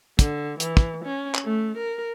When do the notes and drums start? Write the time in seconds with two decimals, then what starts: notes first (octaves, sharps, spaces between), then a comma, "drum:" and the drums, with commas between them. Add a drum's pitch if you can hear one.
0.19 D3, drum: kick, hi-hat
0.60 E3, drum: hi-hat
0.77 drum: kick
1.05 C#4
1.35 drum: clap
1.45 A3
1.78 A#4